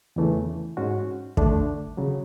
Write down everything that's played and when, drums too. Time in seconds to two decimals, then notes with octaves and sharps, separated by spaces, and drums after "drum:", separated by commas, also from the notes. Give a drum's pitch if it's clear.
0.16 E2 C#3 E3 A3
0.77 G#2 G#3 C#4 F#4
1.37 D3 A3 D4, drum: kick
1.97 C#3 F#3